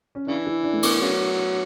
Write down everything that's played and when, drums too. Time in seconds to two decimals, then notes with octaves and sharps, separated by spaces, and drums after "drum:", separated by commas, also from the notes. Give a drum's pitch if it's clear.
0.15 C#4
0.27 C#3 E3 D4
0.46 E4
0.63 D4
0.73 A3
0.83 B3, drum: cymbal
1.01 C#3 F#3